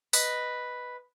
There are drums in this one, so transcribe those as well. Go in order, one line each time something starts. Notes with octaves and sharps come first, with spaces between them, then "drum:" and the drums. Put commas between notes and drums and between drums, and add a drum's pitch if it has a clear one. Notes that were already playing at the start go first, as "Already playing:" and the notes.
B4 D#5, drum: open hi-hat